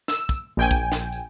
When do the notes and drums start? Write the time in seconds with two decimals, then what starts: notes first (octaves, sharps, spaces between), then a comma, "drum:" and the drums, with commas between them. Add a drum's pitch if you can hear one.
0.08 E6, drum: snare
0.29 drum: kick, tambourine
0.57 A#1 G5 G#5
0.71 drum: kick, tambourine
0.92 drum: snare
1.12 drum: tambourine